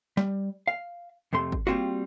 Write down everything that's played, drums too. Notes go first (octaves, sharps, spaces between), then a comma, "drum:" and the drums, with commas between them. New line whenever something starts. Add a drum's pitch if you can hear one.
G3, drum: snare
F5
F2 C3 A3 C6
drum: kick
G3 A#3 C4 F4 F#4